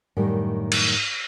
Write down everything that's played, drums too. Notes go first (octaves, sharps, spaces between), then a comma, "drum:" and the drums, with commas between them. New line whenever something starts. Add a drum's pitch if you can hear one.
F#2 A2 D#3 G3
drum: cymbal